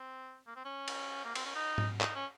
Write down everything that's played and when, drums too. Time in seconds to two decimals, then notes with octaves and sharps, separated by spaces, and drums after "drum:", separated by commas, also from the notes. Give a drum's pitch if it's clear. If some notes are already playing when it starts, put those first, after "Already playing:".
Already playing: C4
0.47 A#3
0.56 C4
0.65 C#4
0.88 drum: cymbal
1.25 A#3
1.35 C4, drum: cymbal
1.45 C#4
1.55 D#4
1.78 drum: tom G#2
2.01 D#4, drum: clap
2.15 C#4